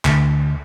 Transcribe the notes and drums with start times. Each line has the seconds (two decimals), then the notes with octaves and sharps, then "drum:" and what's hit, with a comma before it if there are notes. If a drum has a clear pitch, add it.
0.05 D2, drum: clap